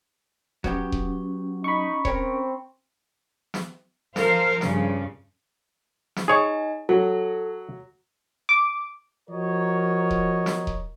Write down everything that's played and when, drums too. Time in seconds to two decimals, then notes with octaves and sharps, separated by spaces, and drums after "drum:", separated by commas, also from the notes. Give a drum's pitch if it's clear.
0.64 F#3 B3 C#4 G4, drum: kick D#1
0.92 drum: kick D#1
1.64 D#4 B5 C#6
2.05 C4 A#4 C#5, drum: kick D#1
3.54 drum: snare
4.16 F3 A#4 C5 F5, drum: snare
4.61 G2 C#3 F3, drum: snare
6.16 drum: snare
6.28 D#4 G#4 C#5 D#5 G#5
6.89 F#3 A4
8.49 D6
9.29 F3 F#4 A#4 C#5 D#5
10.11 drum: kick D#1
10.46 drum: snare
10.67 drum: kick D#1